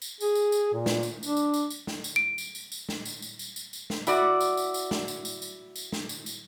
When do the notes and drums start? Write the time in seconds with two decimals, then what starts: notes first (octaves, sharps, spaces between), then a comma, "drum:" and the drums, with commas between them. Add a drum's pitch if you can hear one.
0.02 drum: tambourine
0.21 G#4, drum: tambourine
0.35 drum: tambourine
0.52 drum: tambourine
0.74 A#2
0.86 drum: snare
1.03 drum: tambourine
1.23 D4, drum: tambourine
1.37 drum: tambourine
1.54 drum: tambourine
1.70 drum: tambourine
1.87 drum: snare
2.04 drum: tambourine
2.16 D7
2.38 drum: tambourine
2.55 drum: tambourine
2.72 drum: tambourine
2.89 drum: snare
3.05 drum: tambourine
3.22 drum: tambourine
3.39 drum: tambourine
3.56 drum: tambourine
3.73 drum: tambourine
3.90 drum: snare
4.07 E4 F#4 D5, drum: tambourine
4.41 drum: tambourine
4.57 drum: tambourine
4.74 drum: tambourine
4.91 drum: snare
5.08 drum: tambourine
5.25 drum: tambourine
5.42 drum: tambourine
5.76 drum: tambourine
5.92 drum: snare
6.09 drum: tambourine
6.26 drum: tambourine